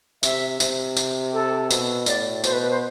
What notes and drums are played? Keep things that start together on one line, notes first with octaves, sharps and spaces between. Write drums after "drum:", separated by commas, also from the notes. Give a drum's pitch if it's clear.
C3 E5, drum: tambourine
C3, drum: tambourine
drum: tambourine
A4
B2, drum: tambourine
A2 D5, drum: tambourine
B2 C5, drum: tambourine
B4
B4
C5